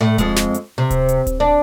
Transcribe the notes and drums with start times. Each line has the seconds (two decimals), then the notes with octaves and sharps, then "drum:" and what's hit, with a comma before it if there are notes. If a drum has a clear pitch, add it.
0.01 A2
0.18 F2 G#3, drum: kick D1, hi-hat
0.36 drum: snare
0.54 drum: hi-hat
0.78 C3
0.90 drum: kick D1, hi-hat
1.09 drum: hi-hat
1.27 drum: kick D1, hi-hat
1.40 D4